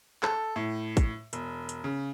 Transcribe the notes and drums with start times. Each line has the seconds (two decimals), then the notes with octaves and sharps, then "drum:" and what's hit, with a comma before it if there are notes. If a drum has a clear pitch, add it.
0.23 A4, drum: clap
0.56 A2
0.97 drum: kick, hi-hat
1.33 E1, drum: hi-hat
1.69 drum: hi-hat
1.84 C#3